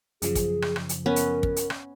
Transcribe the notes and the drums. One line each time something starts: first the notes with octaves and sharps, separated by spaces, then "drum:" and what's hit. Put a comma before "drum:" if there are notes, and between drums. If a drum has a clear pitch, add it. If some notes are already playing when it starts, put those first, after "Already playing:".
F#2 C#3 F3 G#4, drum: hi-hat
drum: kick, hi-hat
drum: rim click
drum: rim click
drum: hi-hat
B3 C#4 A#4
drum: hi-hat
drum: kick
drum: hi-hat
drum: rim click